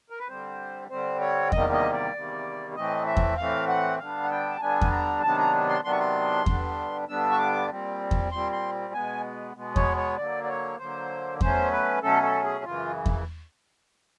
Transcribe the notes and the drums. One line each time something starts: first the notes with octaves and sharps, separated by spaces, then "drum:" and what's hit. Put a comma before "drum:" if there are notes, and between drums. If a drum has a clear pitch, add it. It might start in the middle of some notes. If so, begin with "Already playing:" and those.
A#4
B4
D3 G3 C4 C5
D3 G3 C4 C5
C#5
E2 C3 D#3 G3 A#3 D#5, drum: kick E2
D#5
D5
E2 C3 D#3 G3 A#3
A2 E3 A3 C4 D#5
E5
drum: kick E2
A2 E3 A3 C4 F5
F#5
D3 G3 B3 D4 F5
F#5
G5
A5
D3 G3 B3 D4 G#5
drum: kick E2
A#5
C3 D#3 F#3 B3 D4 A5
A#5
C6
C3 D#3 F#3 B3 D4 C6
C#6
C6
G2 D3 G3 B3 D4, drum: kick E2
G2 D3 G3 B3 D4 E6
C#6
D6
A#2 G3 C4
drum: kick E2
A#2 G3 C4 C6
C6
B2 G#3 B3 G#5
B2 G#3 B3
C#5, drum: kick E2
C#5
D3 F#3 A#3 D5
D5
C#5
D3 F#3 A#3 C5
B2 F#3 A3 C#4 C5, drum: kick E2
B4
B2 F#3 A3 C#4 A4
A4
G#4
F#2 C#3 E3 F4
drum: kick E2